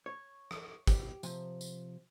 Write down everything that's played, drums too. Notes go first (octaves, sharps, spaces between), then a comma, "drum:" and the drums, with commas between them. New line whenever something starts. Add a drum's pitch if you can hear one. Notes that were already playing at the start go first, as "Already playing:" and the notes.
C#5
drum: rim click
G4, drum: kick, tambourine
C3 F3, drum: tambourine
drum: tambourine